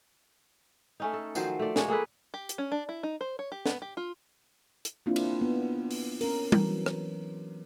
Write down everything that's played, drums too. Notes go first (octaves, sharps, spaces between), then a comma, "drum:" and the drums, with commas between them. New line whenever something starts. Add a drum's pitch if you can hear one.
A3 C#4 D#4
A4
D#3 F3 F#3 C5, drum: tambourine
A3 D5
G#3 A#3 C#5, drum: snare
A#3 G#4 A4 B4
G4
drum: hi-hat
C#4
D4
E4
D#4
C5
C#5
G4
B3, drum: snare
G4
F4
drum: hi-hat
A#3 C4 D4 E4 F4
drum: cymbal
B3
drum: open hi-hat
C#4 A#4, drum: open hi-hat
E3 F#3, drum: tom G3
drum: rim click